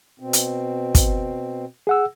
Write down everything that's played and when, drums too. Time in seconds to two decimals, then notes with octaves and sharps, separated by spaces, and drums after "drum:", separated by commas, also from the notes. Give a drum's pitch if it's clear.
0.20 B2 C4
0.33 drum: hi-hat
0.95 drum: kick, hi-hat
1.87 G#4 F#5 E6